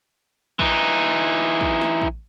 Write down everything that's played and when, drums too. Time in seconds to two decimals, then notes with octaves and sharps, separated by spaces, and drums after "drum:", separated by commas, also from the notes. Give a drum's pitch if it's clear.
0.59 E3 D#4, drum: kick
1.61 drum: kick
1.81 drum: snare
2.02 drum: kick